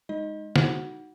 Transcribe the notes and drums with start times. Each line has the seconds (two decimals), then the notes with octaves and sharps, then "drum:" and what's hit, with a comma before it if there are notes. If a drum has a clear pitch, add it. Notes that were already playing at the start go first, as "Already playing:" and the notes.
0.09 G#3 D#4 D#5
0.56 D#4 F#4 F#5, drum: snare